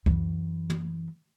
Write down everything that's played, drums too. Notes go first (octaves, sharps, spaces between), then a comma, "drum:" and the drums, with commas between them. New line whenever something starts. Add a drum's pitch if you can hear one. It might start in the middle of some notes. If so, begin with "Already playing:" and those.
F#2 E3, drum: kick C#2
drum: tom